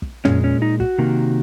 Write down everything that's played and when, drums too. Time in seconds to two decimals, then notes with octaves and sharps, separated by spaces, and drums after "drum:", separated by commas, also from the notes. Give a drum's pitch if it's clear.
0.02 drum: kick
0.25 A#2 G#3 C#4, drum: tom
0.44 C#4
0.62 D#4
0.80 F#4, drum: kick
0.98 C3 D#3 A#3